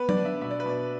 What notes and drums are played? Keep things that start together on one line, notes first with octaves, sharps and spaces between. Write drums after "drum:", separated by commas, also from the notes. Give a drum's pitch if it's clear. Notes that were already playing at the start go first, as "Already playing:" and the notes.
Already playing: B3 B4
D5, drum: tom F#3
D4
E5
B2 E5
D5
B4
B2 D5